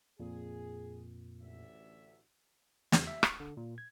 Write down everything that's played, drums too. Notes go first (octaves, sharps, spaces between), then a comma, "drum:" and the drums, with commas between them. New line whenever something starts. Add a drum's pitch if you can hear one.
F2 A#2 G#4
A1 D2 E5
E2, drum: snare
E5
C#6, drum: rim click
D3
A#2
G#6